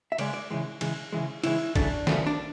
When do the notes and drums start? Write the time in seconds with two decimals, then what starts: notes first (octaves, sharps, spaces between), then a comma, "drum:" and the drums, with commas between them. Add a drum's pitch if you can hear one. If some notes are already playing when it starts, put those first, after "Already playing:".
0.12 E5
0.18 C#3 G#3 D5, drum: cymbal
0.34 D5
0.51 C#3 E3 G#3
0.81 C#3 E3 G#3, drum: cymbal
1.12 C#3 E3 G#3
1.44 C#3 E3 G#3 E4, drum: cymbal
1.75 C#3 F#3 A3 D4, drum: kick, cymbal
2.07 C#3 F#3 A3, drum: snare
2.27 D4